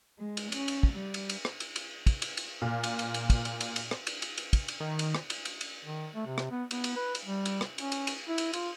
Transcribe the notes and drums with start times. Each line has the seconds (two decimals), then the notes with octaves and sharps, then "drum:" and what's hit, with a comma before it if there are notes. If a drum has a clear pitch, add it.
0.19 G#3
0.37 drum: cymbal
0.52 C#4, drum: cymbal
0.68 drum: cymbal
0.83 drum: kick
0.93 G3
1.14 drum: cymbal
1.30 drum: cymbal
1.45 drum: rim click
1.60 drum: cymbal
1.76 drum: cymbal
2.07 drum: kick, cymbal
2.22 drum: cymbal
2.37 drum: cymbal
2.62 A#2
2.84 drum: cymbal
2.99 drum: cymbal
3.14 drum: cymbal
3.30 drum: kick, cymbal
3.45 drum: cymbal
3.61 drum: cymbal
3.76 drum: cymbal
3.91 drum: rim click
4.07 drum: cymbal
4.22 drum: cymbal
4.38 drum: cymbal
4.53 drum: kick, cymbal
4.68 drum: cymbal
4.80 D#3
4.99 drum: cymbal
5.15 drum: rim click
5.30 drum: cymbal
5.45 drum: cymbal
5.61 drum: cymbal
5.84 D#3
6.15 A3
6.26 C3
6.38 drum: rim click
6.51 B3
6.71 B3, drum: cymbal
6.84 drum: cymbal
6.96 B4
7.15 drum: cymbal
7.25 G3
7.46 drum: cymbal
7.61 drum: rim click
7.78 C#4, drum: cymbal
7.92 drum: cymbal
8.07 drum: cymbal
8.28 E4
8.38 drum: cymbal
8.53 F4, drum: cymbal